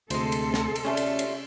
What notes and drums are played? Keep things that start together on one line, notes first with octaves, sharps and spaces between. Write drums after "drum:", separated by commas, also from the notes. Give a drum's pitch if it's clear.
D2 C3 G#3 A4 C5, drum: cymbal
drum: cymbal
drum: snare
drum: cymbal
G3 A3 C#4 F4
drum: cymbal
drum: cymbal